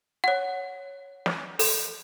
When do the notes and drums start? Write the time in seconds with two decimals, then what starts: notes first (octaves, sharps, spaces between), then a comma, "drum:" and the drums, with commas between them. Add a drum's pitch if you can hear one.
0.24 C#5 F#5
1.26 drum: snare
1.59 A4, drum: open hi-hat